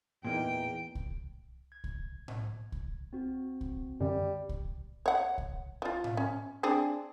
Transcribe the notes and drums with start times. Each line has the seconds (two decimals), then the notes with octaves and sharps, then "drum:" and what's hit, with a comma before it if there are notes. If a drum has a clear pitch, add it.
0.24 E2 A#2 A#3 D#4 G5
0.95 drum: kick C2
1.72 G#6
1.84 drum: kick C2
2.28 drum: tom A2
2.72 drum: kick C2
3.13 C4 F#4
3.61 drum: kick C2
4.01 F#2 D3 G3
4.49 drum: kick C2
5.06 C#5 F#5
5.38 drum: kick C2
5.82 F3 F4
6.04 drum: tom A2
6.17 C#4
6.63 C4 D4 G#4